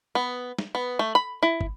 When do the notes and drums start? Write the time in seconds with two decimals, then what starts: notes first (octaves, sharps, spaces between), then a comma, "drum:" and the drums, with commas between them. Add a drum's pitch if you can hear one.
0.15 B3
0.59 drum: snare
0.75 B3
0.99 A3
1.15 B5
1.43 E4
1.61 drum: kick